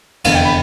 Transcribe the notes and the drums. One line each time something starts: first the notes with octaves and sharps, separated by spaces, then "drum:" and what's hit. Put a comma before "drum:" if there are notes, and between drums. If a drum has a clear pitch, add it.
F1 E2 D3 F5, drum: cymbal
G5
B5